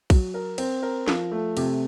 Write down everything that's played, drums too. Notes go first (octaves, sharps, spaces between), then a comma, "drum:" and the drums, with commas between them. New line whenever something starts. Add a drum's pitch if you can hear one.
F#3, drum: kick, cymbal
A#4
C4, drum: cymbal
A#4
F3, drum: snare
A3
C3, drum: cymbal